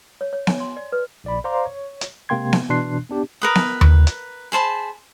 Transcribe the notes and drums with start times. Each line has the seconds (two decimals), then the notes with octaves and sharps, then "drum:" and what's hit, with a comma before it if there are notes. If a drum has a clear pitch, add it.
0.21 C#5
0.33 C#5
0.47 G#5, drum: snare B3
0.60 C6
0.77 D5
0.92 B4
1.24 A#1 D5 B5
1.44 C5 D5 F5 A#5 C6 D6
1.65 C#5
2.01 drum: hi-hat
2.29 C3 G#3 A#3 G5 C6 G#6
2.53 drum: snare B3
2.69 B2 E3 D4 C6 F#6 C7
3.09 B3 D4 G4
3.42 A#4 B4 D#6
3.55 drum: snare B3
3.81 drum: tom D#2
4.07 drum: hi-hat
4.52 G#4 C5 A5 B5